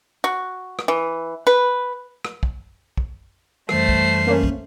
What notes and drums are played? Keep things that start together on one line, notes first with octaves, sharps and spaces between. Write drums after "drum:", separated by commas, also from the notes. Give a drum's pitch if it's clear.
F#4
drum: rim click
E3
B4
drum: rim click
drum: kick
drum: kick
F#2 E3 G3 A3 C5 C7, drum: rim click
drum: kick
A#3 C#4
drum: kick